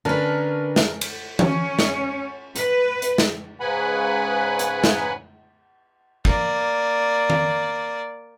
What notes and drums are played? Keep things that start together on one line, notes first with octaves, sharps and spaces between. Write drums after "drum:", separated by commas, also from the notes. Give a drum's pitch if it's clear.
D3 C#4 A#4 B4 A5
drum: snare
drum: cymbal
C#4, drum: tom E3
drum: snare
B4, drum: hi-hat
drum: hi-hat
drum: snare
G#2 C#3 B4 F#5 G#5 B5
drum: hi-hat
drum: snare
A#3 D5, drum: kick
drum: tom D#3